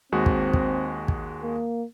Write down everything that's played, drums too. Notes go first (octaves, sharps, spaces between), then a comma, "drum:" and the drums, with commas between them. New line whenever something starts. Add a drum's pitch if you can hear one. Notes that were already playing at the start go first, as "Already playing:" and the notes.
D#2 G#3 C4 F#4
drum: kick
drum: kick
drum: kick
A#3